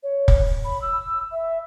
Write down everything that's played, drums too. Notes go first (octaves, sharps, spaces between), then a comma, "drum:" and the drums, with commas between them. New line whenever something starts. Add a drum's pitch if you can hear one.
C#5
drum: kick
B5
E6
E5